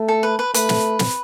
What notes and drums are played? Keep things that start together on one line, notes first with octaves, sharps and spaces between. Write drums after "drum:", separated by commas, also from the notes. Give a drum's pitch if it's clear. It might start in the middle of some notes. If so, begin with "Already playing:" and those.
Already playing: A3
A4
B4
B4
A3 B4, drum: hi-hat
drum: snare
drum: snare